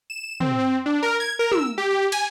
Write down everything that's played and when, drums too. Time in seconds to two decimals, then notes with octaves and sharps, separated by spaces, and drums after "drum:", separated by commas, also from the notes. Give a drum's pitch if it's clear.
0.10 E7
0.40 C4, drum: tom
0.59 C4
0.86 D4
1.03 A#4
1.20 G#6
1.39 A#4
1.52 E6, drum: tom
1.78 G4
2.12 G#5, drum: cymbal